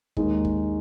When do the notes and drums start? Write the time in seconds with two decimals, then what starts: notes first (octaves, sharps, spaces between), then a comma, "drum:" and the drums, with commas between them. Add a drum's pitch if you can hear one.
0.17 D#2 D#3 G#3 D#4, drum: kick
0.45 drum: kick